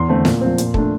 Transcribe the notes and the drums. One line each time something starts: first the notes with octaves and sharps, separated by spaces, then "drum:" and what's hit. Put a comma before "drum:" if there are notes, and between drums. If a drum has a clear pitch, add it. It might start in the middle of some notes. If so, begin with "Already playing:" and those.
Already playing: E2 C6
D3 A3 C4
A#2, drum: snare
F3 C4
A#2, drum: hi-hat
A3 D4, drum: kick